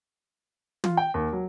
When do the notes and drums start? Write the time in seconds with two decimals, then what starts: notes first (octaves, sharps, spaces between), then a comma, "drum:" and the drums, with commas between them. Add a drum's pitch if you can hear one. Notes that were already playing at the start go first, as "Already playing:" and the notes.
0.84 F4, drum: tom
0.97 G5
1.14 D#2
1.33 F#3